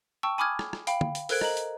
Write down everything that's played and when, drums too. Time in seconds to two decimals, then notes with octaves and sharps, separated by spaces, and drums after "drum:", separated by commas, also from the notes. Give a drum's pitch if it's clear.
0.23 G5 A5 C#6 E6
0.38 G#5 B5 D6 D#6 F6 G#6
0.59 drum: rim click
0.73 drum: rim click
0.87 F5 G5 B5, drum: hi-hat
1.01 drum: tom
1.15 drum: hi-hat
1.29 A4 A#4 C5 F#6 G#6 D7, drum: open hi-hat
1.41 D#5 A#5 F#7, drum: rim click
1.57 drum: hi-hat